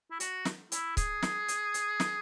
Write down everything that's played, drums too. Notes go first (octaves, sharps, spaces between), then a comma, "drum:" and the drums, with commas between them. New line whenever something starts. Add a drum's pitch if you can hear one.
E4
F#4, drum: hi-hat
drum: snare
E4, drum: hi-hat
G#4, drum: kick C#1, hi-hat
drum: snare
drum: hi-hat
drum: hi-hat
drum: snare